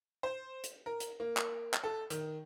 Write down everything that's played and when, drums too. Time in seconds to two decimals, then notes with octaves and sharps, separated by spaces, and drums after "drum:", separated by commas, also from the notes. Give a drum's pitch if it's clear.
0.23 C5
0.64 drum: hi-hat
0.86 A#4
1.00 drum: hi-hat
1.20 A#3
1.37 drum: clap
1.74 drum: clap
1.84 A4
2.10 D#3, drum: hi-hat